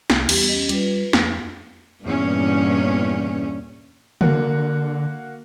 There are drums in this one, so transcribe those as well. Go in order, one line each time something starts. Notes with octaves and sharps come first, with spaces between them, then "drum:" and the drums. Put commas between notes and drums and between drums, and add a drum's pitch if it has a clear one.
C2, drum: snare
E2 G3 B3 G4, drum: cymbal
C#4 G4 D#5
G3 F4 B4, drum: hi-hat
F2, drum: snare
E2 G2 A#2 C#4
D3 A#3 F#4, drum: tom